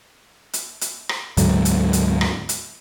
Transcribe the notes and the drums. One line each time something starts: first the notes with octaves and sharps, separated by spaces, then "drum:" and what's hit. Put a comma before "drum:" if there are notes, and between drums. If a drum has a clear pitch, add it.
drum: hi-hat
drum: hi-hat
drum: rim click
D2 G#2 D3 F#3, drum: hi-hat
drum: hi-hat
drum: hi-hat
drum: rim click
drum: hi-hat